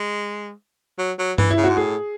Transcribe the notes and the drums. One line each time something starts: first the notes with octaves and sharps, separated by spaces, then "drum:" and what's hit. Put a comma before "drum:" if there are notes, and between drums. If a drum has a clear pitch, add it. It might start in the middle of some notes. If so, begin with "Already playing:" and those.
Already playing: G#3
F#3
F#3
E3, drum: tom G2
E4
C#3
F#4
G#2
A2 G#4